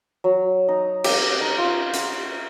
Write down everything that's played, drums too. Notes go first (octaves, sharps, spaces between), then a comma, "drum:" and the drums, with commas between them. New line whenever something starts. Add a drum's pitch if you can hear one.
F#3
D#4
G4, drum: cymbal
D#4
F4
F#5, drum: hi-hat